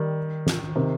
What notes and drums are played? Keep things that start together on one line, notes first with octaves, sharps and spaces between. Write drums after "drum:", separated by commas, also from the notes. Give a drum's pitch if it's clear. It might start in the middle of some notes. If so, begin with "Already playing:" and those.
Already playing: D#3 G3
drum: snare
C3 D#3